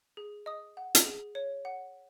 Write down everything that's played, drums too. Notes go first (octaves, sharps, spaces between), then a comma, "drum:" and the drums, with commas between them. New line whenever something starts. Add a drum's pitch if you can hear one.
G#4
D#5 D#6
F#5
drum: hi-hat
G#4
C#5
F#5